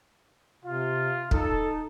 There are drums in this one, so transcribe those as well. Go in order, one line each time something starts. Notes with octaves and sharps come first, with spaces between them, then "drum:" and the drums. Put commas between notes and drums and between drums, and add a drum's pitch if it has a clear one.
C3 F4
D#4 A4, drum: kick